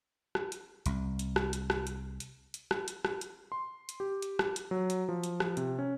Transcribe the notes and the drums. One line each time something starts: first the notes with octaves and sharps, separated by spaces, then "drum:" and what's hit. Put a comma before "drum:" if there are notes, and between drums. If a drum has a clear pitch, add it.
drum: rim click
drum: hi-hat
C2, drum: hi-hat
drum: hi-hat
drum: rim click
drum: hi-hat
drum: rim click
drum: hi-hat
drum: hi-hat
drum: hi-hat
drum: rim click
drum: hi-hat
drum: rim click
drum: hi-hat
C6
drum: hi-hat
G4
drum: hi-hat
drum: rim click
drum: hi-hat
F#3
drum: hi-hat
F3
drum: hi-hat
drum: rim click
C3, drum: hi-hat
C#4